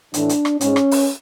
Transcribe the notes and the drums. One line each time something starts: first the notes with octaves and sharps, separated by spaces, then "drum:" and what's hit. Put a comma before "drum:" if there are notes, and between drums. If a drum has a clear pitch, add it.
A2 E3 A3 D4, drum: hi-hat
drum: hi-hat
drum: rim click
G#2 G#3 C#4, drum: hi-hat
drum: rim click
drum: open hi-hat